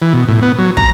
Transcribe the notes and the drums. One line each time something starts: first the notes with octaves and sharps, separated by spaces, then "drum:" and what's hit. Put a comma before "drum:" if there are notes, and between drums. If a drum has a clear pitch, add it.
E3
B2
A2
B3
F#3
A#5, drum: kick